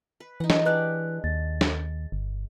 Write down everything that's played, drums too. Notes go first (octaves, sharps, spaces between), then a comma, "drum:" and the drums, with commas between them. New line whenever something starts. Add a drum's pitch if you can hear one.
B4
E3 D#4 F#5
drum: snare
G#3 D4 G4 B4 D#5 F#6
D#2 A6
drum: snare
G1